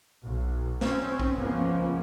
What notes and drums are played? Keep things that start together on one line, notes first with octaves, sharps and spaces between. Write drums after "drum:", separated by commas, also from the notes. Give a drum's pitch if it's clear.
B1
C4 C#4, drum: snare
drum: kick A#1
C#2 F3 A#3 B3 C#4